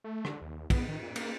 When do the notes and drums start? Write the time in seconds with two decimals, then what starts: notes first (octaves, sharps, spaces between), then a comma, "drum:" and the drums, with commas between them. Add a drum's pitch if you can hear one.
0.04 A3
0.25 D3, drum: rim click
0.41 D#2
0.70 B3, drum: kick, cymbal
0.89 D#3
1.03 A#2
1.16 A#3, drum: cymbal